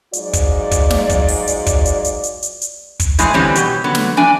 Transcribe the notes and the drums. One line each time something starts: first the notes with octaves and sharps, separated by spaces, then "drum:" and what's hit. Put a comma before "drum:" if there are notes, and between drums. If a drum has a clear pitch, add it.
G#2 F#3 F4 D5, drum: hi-hat
drum: kick, hi-hat
drum: kick, hi-hat
drum: snare
drum: kick, hi-hat
drum: open hi-hat
drum: hi-hat
drum: kick, hi-hat
drum: hi-hat
drum: hi-hat
drum: hi-hat
drum: hi-hat
drum: hi-hat
drum: kick, hi-hat
A2 E3 G#3 G#4, drum: hi-hat
D3 E3 G3 C4 C#4
B2 G4, drum: hi-hat
D3 F#3 B3
drum: snare
E3 D4 G#5